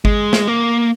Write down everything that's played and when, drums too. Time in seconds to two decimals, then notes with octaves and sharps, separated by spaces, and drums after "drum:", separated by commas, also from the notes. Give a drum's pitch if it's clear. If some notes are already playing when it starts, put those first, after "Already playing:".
0.05 G#3, drum: kick G1
0.33 drum: snare
0.48 A#3